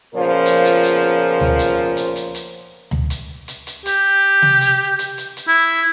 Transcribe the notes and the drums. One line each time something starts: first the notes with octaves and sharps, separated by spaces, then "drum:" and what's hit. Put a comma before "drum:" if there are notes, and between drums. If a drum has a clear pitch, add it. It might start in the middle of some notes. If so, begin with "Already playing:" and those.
A#2 C#3 F3 B3 A#4
drum: hi-hat
drum: hi-hat
drum: hi-hat
drum: tom D2
drum: hi-hat
drum: hi-hat
drum: hi-hat
drum: hi-hat
drum: tom D2
drum: hi-hat
drum: hi-hat
drum: hi-hat
G4, drum: hi-hat
drum: tom
drum: hi-hat
drum: hi-hat
drum: hi-hat
drum: hi-hat
E4